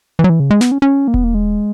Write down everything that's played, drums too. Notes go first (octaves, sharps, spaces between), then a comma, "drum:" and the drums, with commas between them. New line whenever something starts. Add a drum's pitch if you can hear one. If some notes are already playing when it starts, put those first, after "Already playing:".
E3
F#3
E3
C#3
G#3
B3, drum: snare
C#4
C#4
A#3
B3, drum: kick E1
A#3
G#3